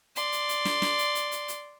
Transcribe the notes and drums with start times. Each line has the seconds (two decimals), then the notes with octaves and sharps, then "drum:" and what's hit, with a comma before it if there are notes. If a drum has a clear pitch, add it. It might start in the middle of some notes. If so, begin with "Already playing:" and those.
0.16 D5 C6, drum: hi-hat
0.32 drum: hi-hat
0.49 drum: hi-hat
0.65 drum: snare
0.82 drum: snare
0.98 drum: hi-hat
1.15 drum: hi-hat
1.32 drum: hi-hat
1.48 drum: hi-hat